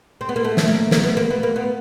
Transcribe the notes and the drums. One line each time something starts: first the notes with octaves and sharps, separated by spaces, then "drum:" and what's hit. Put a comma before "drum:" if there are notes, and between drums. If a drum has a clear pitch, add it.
C4
B3
A#3
A3
A3, drum: snare
A#3
A#3, drum: snare
B3
A#3
B3
A#3
B3